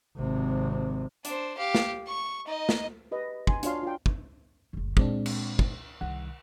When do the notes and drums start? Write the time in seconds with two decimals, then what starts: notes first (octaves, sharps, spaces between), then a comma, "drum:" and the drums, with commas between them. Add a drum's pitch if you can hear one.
0.17 G#1 C3
1.25 D4 C5, drum: hi-hat
1.58 G4 F5
1.75 drum: snare
2.07 C#6
2.46 D#4 D#5
2.69 drum: snare
3.11 G4 B4 D#5
3.47 G#5 C6, drum: kick
3.63 D4 F4 F#4 C#5 F5 C6, drum: hi-hat
3.83 F4 G5
4.06 drum: kick
4.73 F#1 D2
4.97 A#2 G#3 C4 D4, drum: kick
5.26 drum: cymbal
5.59 drum: kick
6.01 C2 D#3 F#5